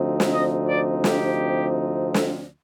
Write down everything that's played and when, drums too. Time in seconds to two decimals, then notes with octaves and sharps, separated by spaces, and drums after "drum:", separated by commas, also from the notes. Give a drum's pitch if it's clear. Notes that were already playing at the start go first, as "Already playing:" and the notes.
Already playing: D2 C3 F3 C4 D#4
0.20 drum: snare
0.32 D#5
0.68 D5
1.04 G4, drum: snare
2.14 drum: snare